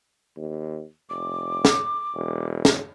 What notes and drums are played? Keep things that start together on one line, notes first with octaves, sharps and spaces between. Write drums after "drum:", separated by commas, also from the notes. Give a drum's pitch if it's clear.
D#2
F1 D6
drum: snare
E1
drum: snare